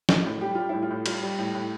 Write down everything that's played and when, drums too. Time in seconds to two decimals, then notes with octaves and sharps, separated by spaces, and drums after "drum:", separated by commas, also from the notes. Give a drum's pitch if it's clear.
0.09 A2, drum: snare
0.26 A2
0.41 G3 G4
0.55 G3 F4
0.69 A2 E4
0.82 F4
0.91 A2
1.06 G3 F4, drum: cymbal
1.23 G3
1.39 A2
1.55 A2